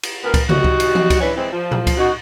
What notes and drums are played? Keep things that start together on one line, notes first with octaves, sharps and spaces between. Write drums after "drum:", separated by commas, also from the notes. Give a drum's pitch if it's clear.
drum: cymbal
D2 B3 A#4
drum: kick C#2, cymbal
G3 D#4 F#4, drum: tom C3
drum: kick C#2
drum: cymbal
drum: tom E3
drum: kick C#2, cymbal
C#4 D4 E4 B4 C#5
E3 G#3 C4
F3
drum: tom A#2
drum: kick C#2, cymbal
F#2 D#4 F#4